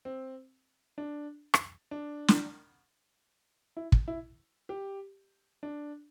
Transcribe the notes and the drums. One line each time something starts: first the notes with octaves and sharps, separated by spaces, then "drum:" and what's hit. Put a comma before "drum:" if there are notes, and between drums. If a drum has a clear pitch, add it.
C4
D4
drum: rim click
D4
drum: snare
E4
drum: kick
E4
G4
D4